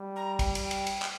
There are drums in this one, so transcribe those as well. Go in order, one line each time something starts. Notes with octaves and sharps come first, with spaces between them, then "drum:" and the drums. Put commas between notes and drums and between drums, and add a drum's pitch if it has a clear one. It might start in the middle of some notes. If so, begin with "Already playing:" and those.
Already playing: G3
A#5
G5, drum: kick, cymbal
drum: cymbal
drum: cymbal
drum: cymbal
drum: clap